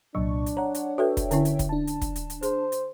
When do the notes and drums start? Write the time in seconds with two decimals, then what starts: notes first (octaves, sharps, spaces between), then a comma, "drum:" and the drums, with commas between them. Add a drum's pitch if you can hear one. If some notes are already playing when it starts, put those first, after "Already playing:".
0.15 C2 A#2 F#3 D4 C#6
0.46 drum: hi-hat
0.57 C#5 F#5 A#5
0.75 drum: hi-hat
0.98 F#4 A4 B4 C#5 E5 G5
1.17 drum: kick, hi-hat
1.31 D3 C#4 E4, drum: hi-hat
1.45 drum: hi-hat
1.59 drum: kick, hi-hat
1.69 D4 A5
1.87 drum: hi-hat
2.01 drum: kick, hi-hat
2.16 drum: hi-hat
2.30 drum: hi-hat
2.43 G#4 C5, drum: hi-hat
2.72 drum: hi-hat